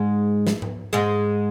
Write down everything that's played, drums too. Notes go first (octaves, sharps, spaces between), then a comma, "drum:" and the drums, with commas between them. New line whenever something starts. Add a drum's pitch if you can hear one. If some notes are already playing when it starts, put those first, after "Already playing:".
Already playing: G#2 G#3
drum: snare
drum: tom G#2
G#2 G#3